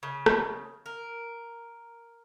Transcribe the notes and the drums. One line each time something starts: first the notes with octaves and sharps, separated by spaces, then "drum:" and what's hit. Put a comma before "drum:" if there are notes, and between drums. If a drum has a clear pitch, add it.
C#3
drum: rim click
A#4